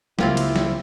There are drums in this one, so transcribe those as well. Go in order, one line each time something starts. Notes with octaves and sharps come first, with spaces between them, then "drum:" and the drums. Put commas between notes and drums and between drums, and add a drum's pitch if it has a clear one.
C#2 G#3 A#3 C4 E4 F4 G4 A#4, drum: snare
drum: cymbal
drum: snare